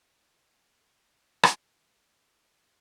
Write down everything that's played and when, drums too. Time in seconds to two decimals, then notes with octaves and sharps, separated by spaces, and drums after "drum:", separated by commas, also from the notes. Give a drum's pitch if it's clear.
0.40 C#3 A#3 G#4
1.43 drum: rim click
2.23 G3 E4 C#7